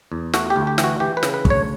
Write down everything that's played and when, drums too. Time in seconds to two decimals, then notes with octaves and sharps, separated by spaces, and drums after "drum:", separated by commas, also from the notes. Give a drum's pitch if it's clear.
0.12 E2
0.33 A3 F#4, drum: snare
0.50 G4
0.56 D2
0.67 G4
0.78 E3, drum: snare
0.84 F#4
1.00 E3 G4
1.17 B4
1.23 C#3, drum: snare
1.34 B4
1.45 D2, drum: kick
1.50 C#5